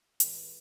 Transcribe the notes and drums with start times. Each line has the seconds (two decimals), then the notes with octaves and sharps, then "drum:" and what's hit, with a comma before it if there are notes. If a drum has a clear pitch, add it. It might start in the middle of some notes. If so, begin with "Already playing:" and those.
0.20 A2 E3 G#3 G#4, drum: hi-hat